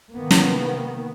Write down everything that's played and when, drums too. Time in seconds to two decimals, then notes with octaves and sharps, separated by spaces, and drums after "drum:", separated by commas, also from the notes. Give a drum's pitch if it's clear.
0.15 C3 D#3 A#3 B3
0.31 drum: snare